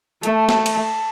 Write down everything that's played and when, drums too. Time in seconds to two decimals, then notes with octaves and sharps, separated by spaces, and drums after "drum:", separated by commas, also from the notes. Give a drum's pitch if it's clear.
0.23 A3 A5, drum: hi-hat
0.49 A5, drum: snare
0.66 drum: cymbal